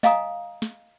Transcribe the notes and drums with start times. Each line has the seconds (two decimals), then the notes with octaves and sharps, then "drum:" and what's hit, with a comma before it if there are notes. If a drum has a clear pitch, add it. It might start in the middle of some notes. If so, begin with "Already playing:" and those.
0.03 D#5 F5 G#5 A#5 D#6, drum: snare
0.62 drum: snare